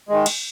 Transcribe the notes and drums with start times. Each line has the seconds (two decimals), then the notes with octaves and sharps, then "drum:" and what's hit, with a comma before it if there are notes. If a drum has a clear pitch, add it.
0.09 D#3 G#3
0.26 drum: cymbal